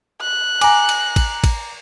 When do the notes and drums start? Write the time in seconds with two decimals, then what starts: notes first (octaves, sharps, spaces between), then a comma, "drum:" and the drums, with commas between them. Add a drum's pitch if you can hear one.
0.21 F#6
0.61 G#5 A#5 D6, drum: cymbal
0.89 drum: cymbal
1.16 drum: kick, cymbal
1.44 drum: kick, cymbal